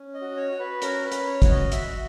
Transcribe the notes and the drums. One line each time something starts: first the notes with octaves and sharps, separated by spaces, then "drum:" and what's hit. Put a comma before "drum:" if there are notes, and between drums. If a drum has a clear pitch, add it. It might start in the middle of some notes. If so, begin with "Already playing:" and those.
Already playing: C#4
D#5
F#4
C#5
F#4
B4
C#4 A#4, drum: hi-hat
B4
C#4, drum: hi-hat
C#5
F#4, drum: kick, hi-hat
D#5
F#4 E5, drum: hi-hat